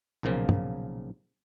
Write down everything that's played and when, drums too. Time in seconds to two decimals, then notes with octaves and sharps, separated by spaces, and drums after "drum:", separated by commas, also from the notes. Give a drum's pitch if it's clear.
0.23 B1 A#2 C#3 F3 A#3
0.49 drum: tom